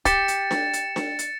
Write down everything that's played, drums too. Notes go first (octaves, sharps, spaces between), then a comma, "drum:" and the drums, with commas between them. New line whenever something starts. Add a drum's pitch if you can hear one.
G4 A6 C#7 E7, drum: kick, hi-hat
drum: hi-hat
drum: snare D4
drum: hi-hat
drum: snare D4
drum: hi-hat